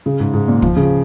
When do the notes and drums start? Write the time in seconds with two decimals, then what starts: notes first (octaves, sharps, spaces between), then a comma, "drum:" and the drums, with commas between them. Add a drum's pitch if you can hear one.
0.06 C#3
0.20 G#2
0.34 G#2
0.48 A#2
0.62 F3, drum: kick
0.76 C#3